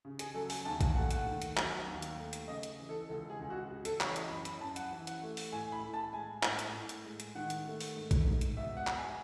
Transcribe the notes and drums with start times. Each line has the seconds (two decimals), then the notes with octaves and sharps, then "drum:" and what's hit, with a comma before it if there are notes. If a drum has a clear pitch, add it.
0.05 C#3
0.19 G#4, drum: hi-hat
0.34 F#3 A4
0.50 G#5, drum: open hi-hat
0.65 D#2 A5
0.81 G#5, drum: kick A1, hi-hat
0.95 A3 F#5
1.11 F#5, drum: hi-hat
1.26 D#3
1.42 drum: hi-hat
1.57 F#3, drum: clap
1.87 D#2
2.02 drum: hi-hat
2.17 A3
2.33 drum: hi-hat
2.48 C#3 D#5
2.63 drum: hi-hat
2.79 E3
2.89 A4
3.09 C#2 A4
3.30 G#4
3.39 C#2
3.50 F#4
3.70 C#3
3.85 A4, drum: hi-hat
4.01 E3 C#5, drum: clap
4.16 D#5, drum: hi-hat
4.31 F#2 B5
4.45 B5, drum: hi-hat
4.61 F#2 A5
4.76 F#5, drum: hi-hat
4.91 E3
5.07 F#5, drum: hi-hat
5.21 A3
5.37 drum: open hi-hat
5.52 A2 G#5
5.72 B5
5.83 A2
5.93 A5
6.13 G#3 G#5
6.43 A2, drum: clap
6.59 drum: hi-hat
6.74 A2
6.89 drum: hi-hat
7.05 G#3
7.20 drum: hi-hat
7.35 D#3 F#5
7.50 drum: hi-hat
7.66 A3
7.81 drum: open hi-hat
7.96 G#2
8.11 drum: kick A1, hi-hat
8.26 G#2
8.41 drum: hi-hat
8.57 B2 E5
8.77 F#5
8.87 G#3, drum: clap
8.98 G#5